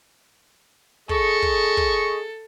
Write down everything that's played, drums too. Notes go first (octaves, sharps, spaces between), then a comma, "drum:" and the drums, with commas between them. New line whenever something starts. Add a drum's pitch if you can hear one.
G#4 A4 D#5 C#6, drum: kick
drum: kick
drum: kick